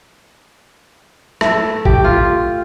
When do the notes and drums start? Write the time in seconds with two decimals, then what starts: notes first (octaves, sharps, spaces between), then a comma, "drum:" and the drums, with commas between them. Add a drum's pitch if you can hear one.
1.41 A3, drum: rim click
1.85 G4, drum: kick
2.04 F4